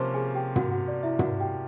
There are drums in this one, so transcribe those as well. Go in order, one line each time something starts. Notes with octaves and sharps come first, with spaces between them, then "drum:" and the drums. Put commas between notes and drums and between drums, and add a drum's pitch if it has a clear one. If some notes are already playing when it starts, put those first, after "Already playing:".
Already playing: C3 F3 A#3 C#4 C5 C6
G#4 G#5
G4 G5
F#4 F#5, drum: tom
F#4 F#5
D5
E4 E5
F#4 F#5, drum: tom
G4 G5